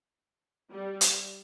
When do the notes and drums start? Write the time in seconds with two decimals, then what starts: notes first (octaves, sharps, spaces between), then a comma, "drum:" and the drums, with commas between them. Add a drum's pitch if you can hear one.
0.73 G3
1.01 drum: hi-hat